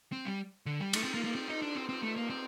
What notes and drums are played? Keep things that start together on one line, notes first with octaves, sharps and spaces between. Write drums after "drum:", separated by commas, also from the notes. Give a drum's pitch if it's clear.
C4
G3
D3
G3
A3, drum: cymbal
C4
A#3
A#3
C4
D#4
D4
C4
C4
A3
A#3
C4